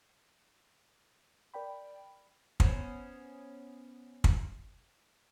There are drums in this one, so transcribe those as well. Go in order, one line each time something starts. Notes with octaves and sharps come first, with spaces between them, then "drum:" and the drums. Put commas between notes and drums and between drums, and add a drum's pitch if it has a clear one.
A#4 D5 G5 B5
B3 C#4 C5, drum: kick
drum: kick